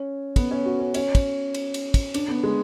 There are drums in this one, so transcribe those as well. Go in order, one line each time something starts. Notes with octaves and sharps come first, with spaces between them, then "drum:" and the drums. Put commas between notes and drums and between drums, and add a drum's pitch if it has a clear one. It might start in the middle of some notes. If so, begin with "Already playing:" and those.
Already playing: C#4
B3, drum: kick, cymbal
C#4
F#4
C#4
C#4, drum: cymbal
drum: kick, cymbal
drum: cymbal
drum: cymbal
drum: kick, cymbal
D4, drum: cymbal
B3
G#3